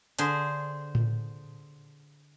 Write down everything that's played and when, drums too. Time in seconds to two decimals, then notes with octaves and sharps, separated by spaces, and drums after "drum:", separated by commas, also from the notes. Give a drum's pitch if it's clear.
0.19 D3 G#4 C5, drum: hi-hat
0.95 drum: tom A2